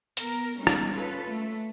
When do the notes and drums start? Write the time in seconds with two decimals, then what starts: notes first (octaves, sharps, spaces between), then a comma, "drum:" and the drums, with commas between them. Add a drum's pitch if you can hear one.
0.17 B3 A#4, drum: hi-hat
0.56 G3 G#3 B3 C#4 D#4
0.67 drum: rim click
0.90 C#4 F4 A4 B4
1.26 A3